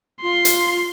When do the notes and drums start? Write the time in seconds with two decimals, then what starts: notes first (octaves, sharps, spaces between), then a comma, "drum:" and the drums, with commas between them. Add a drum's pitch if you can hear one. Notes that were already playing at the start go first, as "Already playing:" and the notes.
0.22 F4 C6
0.45 drum: hi-hat